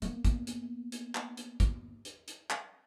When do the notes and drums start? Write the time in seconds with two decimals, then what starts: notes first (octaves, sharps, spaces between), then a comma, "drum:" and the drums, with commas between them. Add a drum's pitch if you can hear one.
0.02 A#3 B3, drum: hi-hat
0.25 drum: kick, hi-hat
0.47 drum: hi-hat
0.92 drum: hi-hat
1.15 drum: clap
1.37 drum: hi-hat
1.60 drum: kick, hi-hat
2.05 drum: hi-hat
2.28 drum: hi-hat
2.50 drum: clap